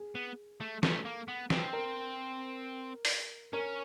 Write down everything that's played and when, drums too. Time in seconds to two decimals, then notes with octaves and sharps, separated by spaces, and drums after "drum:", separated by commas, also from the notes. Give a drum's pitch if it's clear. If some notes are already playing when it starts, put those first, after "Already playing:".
Already playing: G#4
0.15 B3
0.61 A3
0.83 A3 A4, drum: snare
1.05 A#3
1.28 B3
1.50 C4, drum: snare
1.73 A#4
3.05 drum: open hi-hat
3.53 C#4 A#4